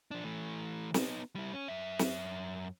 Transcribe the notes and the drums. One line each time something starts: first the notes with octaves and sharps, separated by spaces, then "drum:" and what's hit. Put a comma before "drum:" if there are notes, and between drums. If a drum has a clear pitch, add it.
F3 D4
E3 A3
B3 D#4, drum: snare
G3 E4
C#4
F#2 E5
drum: snare